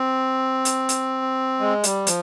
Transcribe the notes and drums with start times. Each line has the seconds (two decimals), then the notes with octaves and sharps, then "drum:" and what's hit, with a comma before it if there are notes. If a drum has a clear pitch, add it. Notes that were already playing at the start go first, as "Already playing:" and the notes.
Already playing: C4
0.65 drum: hi-hat
0.89 drum: hi-hat
1.60 G#3
1.84 G3, drum: hi-hat
2.07 F3, drum: hi-hat